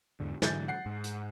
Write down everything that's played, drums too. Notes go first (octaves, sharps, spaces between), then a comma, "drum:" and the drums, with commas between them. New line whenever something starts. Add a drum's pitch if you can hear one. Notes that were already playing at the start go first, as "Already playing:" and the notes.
E2 G#2 D3
G#2 D3 E3 F#3 G6 A6, drum: snare
F#5 C7
G#2
drum: hi-hat